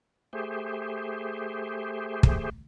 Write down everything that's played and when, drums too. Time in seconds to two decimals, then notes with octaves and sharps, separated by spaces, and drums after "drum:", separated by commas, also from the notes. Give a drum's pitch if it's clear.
0.33 A3 G4 G#4 C5
2.23 drum: kick